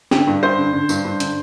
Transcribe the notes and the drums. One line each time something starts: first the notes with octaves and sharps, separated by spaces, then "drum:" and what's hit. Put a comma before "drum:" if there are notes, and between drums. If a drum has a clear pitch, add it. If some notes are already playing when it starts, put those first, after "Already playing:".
D3 G4, drum: snare
G2
G2 C5
D3
D3
G2, drum: tambourine
G2
D3, drum: hi-hat